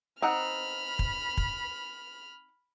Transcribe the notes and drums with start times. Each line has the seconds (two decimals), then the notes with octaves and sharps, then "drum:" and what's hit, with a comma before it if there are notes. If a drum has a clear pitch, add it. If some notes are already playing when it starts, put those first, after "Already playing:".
0.22 C4 D#4 F#5 B5 F6
0.99 drum: kick
1.37 drum: kick